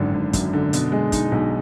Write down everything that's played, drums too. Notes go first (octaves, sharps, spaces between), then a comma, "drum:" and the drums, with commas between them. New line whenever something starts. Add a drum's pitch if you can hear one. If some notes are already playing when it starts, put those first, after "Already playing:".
Already playing: G#1 F#2 D3
G#1
F#2, drum: kick, hi-hat
D3
B2, drum: hi-hat
G#3
D#4, drum: kick, hi-hat
B1